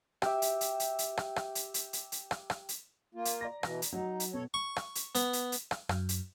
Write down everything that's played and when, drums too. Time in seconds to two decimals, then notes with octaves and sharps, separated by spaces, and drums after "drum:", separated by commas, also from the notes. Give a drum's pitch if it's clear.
0.22 G4 E5, drum: rim click
0.42 drum: hi-hat
0.61 drum: hi-hat
0.80 drum: hi-hat
0.99 drum: hi-hat
1.17 drum: rim click
1.36 drum: rim click
1.55 drum: hi-hat
1.74 drum: hi-hat
1.93 drum: hi-hat
2.12 drum: hi-hat
2.31 drum: rim click
2.50 drum: rim click
2.69 drum: hi-hat
3.15 A#3 F4
3.25 drum: hi-hat
3.41 D5 A#5 A#6
3.63 B2 E3, drum: rim click
3.82 drum: hi-hat
3.93 F#3 D#4 F#4
4.20 drum: hi-hat
4.34 B2 A4 C#5
4.54 C#6
4.76 drum: rim click
4.95 drum: hi-hat
5.15 B3, drum: hi-hat
5.33 drum: hi-hat
5.52 drum: hi-hat
5.71 drum: rim click
5.89 F#2, drum: rim click
6.09 drum: hi-hat